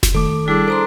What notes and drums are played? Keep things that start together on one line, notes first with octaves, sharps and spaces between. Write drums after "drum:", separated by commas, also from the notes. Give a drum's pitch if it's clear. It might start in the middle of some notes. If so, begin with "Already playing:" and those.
drum: snare F1
D#3 A3 A4 D6
G3 D4 E4 G#4
A4 C5 A#5 C6